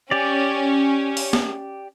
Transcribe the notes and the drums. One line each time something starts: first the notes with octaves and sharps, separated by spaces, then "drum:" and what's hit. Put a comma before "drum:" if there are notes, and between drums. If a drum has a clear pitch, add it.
C#4 G4 D5
drum: open hi-hat
drum: snare